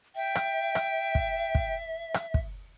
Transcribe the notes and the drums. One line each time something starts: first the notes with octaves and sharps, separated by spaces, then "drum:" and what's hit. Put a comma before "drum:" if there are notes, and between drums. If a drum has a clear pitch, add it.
E5 G5
drum: rim click
drum: rim click
drum: kick
drum: kick
drum: rim click
drum: kick